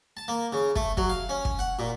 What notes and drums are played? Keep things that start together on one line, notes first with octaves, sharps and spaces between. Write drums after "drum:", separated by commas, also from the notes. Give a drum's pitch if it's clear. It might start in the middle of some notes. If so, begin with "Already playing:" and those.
A5
A#3
C#3
A3, drum: kick
F#3, drum: kick
F5
C#4
drum: kick
F#5
A#2